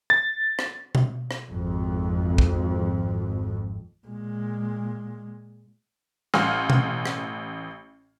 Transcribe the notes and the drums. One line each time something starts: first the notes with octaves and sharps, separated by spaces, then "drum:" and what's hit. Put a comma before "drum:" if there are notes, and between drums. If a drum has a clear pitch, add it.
A6
drum: rim click
drum: tom B2
drum: rim click
G#1 F2
drum: kick
A#2 G#3
A1 F5 F#5 G#5 C6 F6, drum: rim click
drum: tom B2
drum: rim click